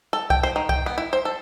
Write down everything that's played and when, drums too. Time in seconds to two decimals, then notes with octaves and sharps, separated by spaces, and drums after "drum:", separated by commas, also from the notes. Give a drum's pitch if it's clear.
0.13 A4
0.30 G5, drum: kick C2
0.43 C5
0.56 D#3
0.69 G5, drum: kick C2
0.86 B3
0.98 E4
1.13 C5
1.25 A4